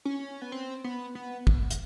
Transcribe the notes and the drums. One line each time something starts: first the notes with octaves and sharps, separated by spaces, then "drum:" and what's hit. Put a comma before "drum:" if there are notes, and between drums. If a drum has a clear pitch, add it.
C#4
B3
C4
B3
B3
drum: kick
drum: hi-hat